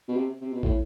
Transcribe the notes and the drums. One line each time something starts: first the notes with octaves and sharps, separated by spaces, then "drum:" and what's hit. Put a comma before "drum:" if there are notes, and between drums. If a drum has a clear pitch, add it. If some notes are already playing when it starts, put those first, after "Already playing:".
B2
C3
C3
B2
A2, drum: kick